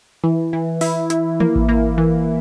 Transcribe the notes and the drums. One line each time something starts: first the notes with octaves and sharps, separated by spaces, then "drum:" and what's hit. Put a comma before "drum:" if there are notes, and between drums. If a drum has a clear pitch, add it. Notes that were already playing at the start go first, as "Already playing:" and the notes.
E3
E3
E4, drum: open hi-hat
E4, drum: hi-hat
A#3, drum: tom E3
drum: kick A1
A#3
E3